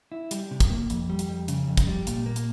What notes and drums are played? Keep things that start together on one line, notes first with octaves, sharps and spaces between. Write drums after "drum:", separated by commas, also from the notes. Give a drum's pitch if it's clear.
E4
G3, drum: hi-hat
C3
drum: kick, hi-hat
A#3
F2, drum: hi-hat
G3
drum: hi-hat
F2
C#3, drum: hi-hat
F2
drum: kick, hi-hat
G3
A#2, drum: hi-hat
A#3
drum: hi-hat